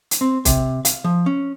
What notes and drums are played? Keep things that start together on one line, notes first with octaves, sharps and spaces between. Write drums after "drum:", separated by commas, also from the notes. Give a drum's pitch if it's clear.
drum: hi-hat
C4
C3, drum: kick, hi-hat
F5, drum: hi-hat
F3
C#4